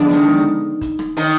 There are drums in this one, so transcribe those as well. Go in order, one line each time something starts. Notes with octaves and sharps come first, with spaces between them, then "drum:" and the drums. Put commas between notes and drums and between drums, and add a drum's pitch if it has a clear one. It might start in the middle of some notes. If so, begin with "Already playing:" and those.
Already playing: D3 F3 G#3 B3 D4
D#3
drum: kick, hi-hat
drum: rim click
D#3, drum: open hi-hat